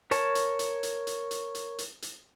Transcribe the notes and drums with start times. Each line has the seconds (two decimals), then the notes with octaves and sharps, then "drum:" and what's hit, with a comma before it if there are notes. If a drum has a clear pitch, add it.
0.11 A#4 C#5 A5, drum: hi-hat
0.35 drum: hi-hat
0.59 drum: hi-hat
0.83 drum: hi-hat
1.07 drum: hi-hat
1.31 drum: hi-hat
1.55 drum: hi-hat
1.79 drum: hi-hat
2.02 drum: hi-hat